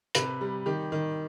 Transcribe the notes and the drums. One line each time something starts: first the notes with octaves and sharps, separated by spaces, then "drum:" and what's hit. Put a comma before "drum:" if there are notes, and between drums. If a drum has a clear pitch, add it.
C3 B4, drum: hi-hat
G3
D#3 G4
D#3